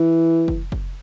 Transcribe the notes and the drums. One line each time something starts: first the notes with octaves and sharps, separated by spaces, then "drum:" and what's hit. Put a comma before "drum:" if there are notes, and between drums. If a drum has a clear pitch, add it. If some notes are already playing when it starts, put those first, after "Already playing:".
Already playing: E3
drum: kick
drum: kick